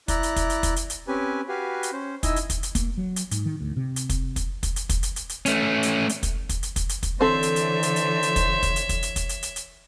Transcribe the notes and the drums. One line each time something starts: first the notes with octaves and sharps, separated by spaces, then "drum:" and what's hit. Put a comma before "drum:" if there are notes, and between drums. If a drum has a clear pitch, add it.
E4 D5 A#5 F#6, drum: kick, hi-hat
drum: hi-hat
drum: kick, hi-hat
drum: hi-hat
drum: kick, hi-hat
drum: hi-hat
drum: hi-hat
C4 C#4 G4 B4 G#5
F#4 G4 B4 F5 G#5
drum: hi-hat
C#4 C5
D#4 E4 D#5 G#5 E6, drum: kick, hi-hat
drum: hi-hat
drum: kick, hi-hat
drum: hi-hat
A#3, drum: kick, hi-hat
F#3
drum: hi-hat
G#2, drum: hi-hat
D#3
D2
C3
drum: hi-hat
drum: kick, hi-hat
drum: kick, hi-hat
drum: kick, hi-hat
drum: hi-hat
drum: kick, hi-hat
drum: hi-hat
drum: hi-hat
drum: hi-hat
A3 C#4, drum: hi-hat
drum: hi-hat
drum: hi-hat
drum: kick, hi-hat
drum: kick, hi-hat
drum: hi-hat
drum: kick, hi-hat
drum: hi-hat
drum: kick, hi-hat
D3 E3 C4 A4 C5 C#5 E5
drum: hi-hat
drum: hi-hat
drum: hi-hat
drum: hi-hat
drum: hi-hat
drum: kick, hi-hat
drum: kick, hi-hat
drum: hi-hat
drum: kick, hi-hat
drum: hi-hat
drum: kick, hi-hat
drum: hi-hat
drum: hi-hat
drum: hi-hat